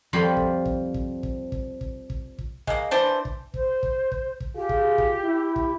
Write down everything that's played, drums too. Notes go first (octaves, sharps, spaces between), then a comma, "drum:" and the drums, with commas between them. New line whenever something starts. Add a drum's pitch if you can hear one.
F2 F3 G3 F4 G5 B5
drum: kick
drum: kick
drum: kick
drum: kick
drum: kick
drum: kick
drum: kick
drum: kick
G#3 A#3, drum: kick
E3 D4 C5
drum: kick
C5, drum: kick
drum: kick
drum: kick
drum: kick
F4 G4 G#4
drum: kick
drum: kick
E4
drum: kick